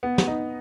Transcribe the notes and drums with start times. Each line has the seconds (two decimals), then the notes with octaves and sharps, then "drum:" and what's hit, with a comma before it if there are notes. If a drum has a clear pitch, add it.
0.03 B3
0.18 drum: snare
0.27 D#4